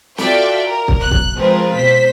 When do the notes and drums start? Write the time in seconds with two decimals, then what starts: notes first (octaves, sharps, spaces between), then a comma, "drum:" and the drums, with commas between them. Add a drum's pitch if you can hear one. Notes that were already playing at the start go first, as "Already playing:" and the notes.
0.18 F4 F#4 A4 D5 E5 G5, drum: snare
0.65 A#4
0.88 drum: kick
1.00 B1 F#6
1.11 drum: kick
1.37 F3 G#3 C4 F4 A#4 B4
1.74 B2 C5 B6